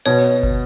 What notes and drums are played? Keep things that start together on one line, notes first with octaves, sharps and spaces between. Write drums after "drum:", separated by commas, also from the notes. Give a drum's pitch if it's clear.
B2 C#5
drum: kick